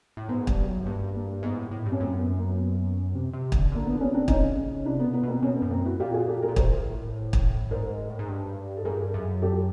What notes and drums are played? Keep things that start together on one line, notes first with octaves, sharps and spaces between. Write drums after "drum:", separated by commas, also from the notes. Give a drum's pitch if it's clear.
A2
G#2 B3
G2, drum: kick
F#2
G2 A#3
A#3
G#2 B3
A2
A2
G2
C#4
F#2 A#3 C4
B3
A#3
B3
C3
C3
D3, drum: kick
D3 A#3
B3
D4
C#3 B3 C#4
C4 D4
C#4 D#4, drum: kick
C3 D4 E4
B3
B2
B3
B2 A#3 C4
B2 B3 C#4
B3
F#2
A#3 C4
E4 F#4
A#2 F4 G4
F#4 G#4
G4 A4
G#4 A#4
A#2
A2 A#4 C5, drum: kick
drum: kick
G#2 A#4 C5
A2
G#2
G2
G#2 A4
G2 G#4 A#4
F#2
G4 A4